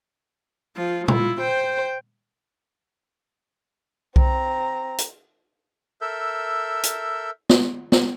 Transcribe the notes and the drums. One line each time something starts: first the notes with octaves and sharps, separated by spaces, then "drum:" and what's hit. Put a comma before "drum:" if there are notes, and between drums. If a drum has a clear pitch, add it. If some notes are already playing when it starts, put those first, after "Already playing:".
F3 F4
E4 F4, drum: tom A#2
C5 G5
C4 A#5, drum: kick B1
drum: hi-hat
A4 A#4 E5 E6 G6
drum: hi-hat
drum: snare
drum: snare